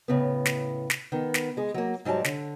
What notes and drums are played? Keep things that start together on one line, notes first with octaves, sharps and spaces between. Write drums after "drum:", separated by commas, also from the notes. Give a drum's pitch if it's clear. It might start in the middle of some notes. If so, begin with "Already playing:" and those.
A2 C#3 B3
drum: snare
drum: snare
D#3 B3
drum: snare
G#3 G#4
F#3 A#3
G#2 F#3 G3 G#5 A5
D3, drum: snare